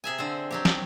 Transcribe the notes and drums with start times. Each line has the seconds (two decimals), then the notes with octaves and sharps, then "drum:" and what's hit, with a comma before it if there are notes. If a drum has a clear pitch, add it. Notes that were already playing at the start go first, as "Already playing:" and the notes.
0.04 C3 G#4 E5 G#5
0.18 D3 C4 C5
0.51 F#3 C4 G4
0.65 drum: snare